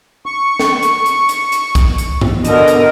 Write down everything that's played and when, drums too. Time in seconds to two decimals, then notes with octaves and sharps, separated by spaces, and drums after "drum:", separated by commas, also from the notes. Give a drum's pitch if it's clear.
0.26 C#6
0.60 drum: snare
0.83 drum: hi-hat
1.06 drum: hi-hat
1.29 drum: hi-hat
1.52 drum: hi-hat
1.75 drum: kick, hi-hat
1.98 drum: hi-hat
2.21 drum: tom G2
2.45 B2 D3 A#4 D#5, drum: hi-hat
2.68 drum: hi-hat